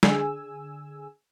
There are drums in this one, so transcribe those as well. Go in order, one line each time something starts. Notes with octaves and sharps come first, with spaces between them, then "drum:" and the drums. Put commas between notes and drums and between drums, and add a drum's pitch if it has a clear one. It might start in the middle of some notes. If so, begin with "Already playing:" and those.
D3 G#4 G#5 E6, drum: snare